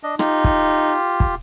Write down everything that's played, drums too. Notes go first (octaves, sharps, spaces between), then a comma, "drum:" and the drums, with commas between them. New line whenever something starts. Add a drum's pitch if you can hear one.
D4 D#5
D#4 F4 G4, drum: rim click
drum: kick
drum: kick